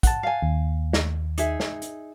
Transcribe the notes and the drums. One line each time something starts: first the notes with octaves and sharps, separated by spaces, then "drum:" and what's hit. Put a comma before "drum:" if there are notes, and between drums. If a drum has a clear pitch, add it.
F#5 A5, drum: kick, hi-hat
F5 G#5
D#2
drum: snare
D#4 G#4 E5, drum: hi-hat
drum: snare
drum: hi-hat